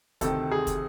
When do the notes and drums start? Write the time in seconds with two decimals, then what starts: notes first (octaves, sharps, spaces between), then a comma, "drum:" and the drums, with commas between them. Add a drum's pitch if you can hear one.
0.21 D2 C3 D#3 A4, drum: kick, hi-hat
0.51 G#4
0.67 drum: kick, hi-hat